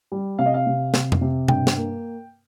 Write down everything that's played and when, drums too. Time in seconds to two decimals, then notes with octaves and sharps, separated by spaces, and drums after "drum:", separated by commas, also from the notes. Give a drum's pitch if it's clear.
0.12 G3
0.39 C3 F5
0.46 D#5
0.54 F5
0.67 C3
0.94 C3, drum: snare
1.12 drum: tom F2
1.21 C3
1.48 G2 G5, drum: tom B2
1.67 drum: snare
1.76 A#3